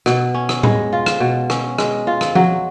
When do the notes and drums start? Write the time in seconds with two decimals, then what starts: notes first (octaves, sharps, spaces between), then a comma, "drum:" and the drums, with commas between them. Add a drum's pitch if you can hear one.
0.06 B2, drum: rim click
0.34 C#4
0.49 drum: rim click
0.63 G#3, drum: tom A2
0.93 F4
1.06 drum: rim click
1.20 B2
1.50 C#4, drum: rim click
1.78 G#3, drum: rim click
2.07 F4
2.21 drum: rim click
2.35 F#3, drum: tom F3